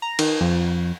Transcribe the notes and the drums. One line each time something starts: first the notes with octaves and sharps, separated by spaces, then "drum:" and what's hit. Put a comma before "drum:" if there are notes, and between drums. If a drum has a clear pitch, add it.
A#5
D#3, drum: cymbal
F2